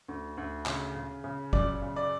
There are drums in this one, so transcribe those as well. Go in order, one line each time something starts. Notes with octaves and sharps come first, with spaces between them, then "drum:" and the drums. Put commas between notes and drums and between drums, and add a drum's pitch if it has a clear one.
D2
D2
C#3, drum: clap
C#3
C#3
F#2 D5, drum: kick
C#3
D5